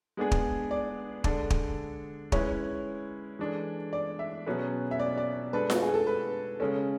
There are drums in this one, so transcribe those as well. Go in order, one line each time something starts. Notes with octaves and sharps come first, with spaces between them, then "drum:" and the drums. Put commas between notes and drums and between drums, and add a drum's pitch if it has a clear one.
G#3 B3 D4 G#4
drum: kick
D5
D3 G#3 D4 A4, drum: kick
drum: kick
G#3 C#4 E4 B4 C#5, drum: kick
E3 G#3 D4 A4
D5
E5
B2 F#3 C#4 G#4 B4
E5
D5
D5
G#3 D4 A4 B4
F#4, drum: snare F4
G#4
A4
B4
C#3 G#3 C#4 A4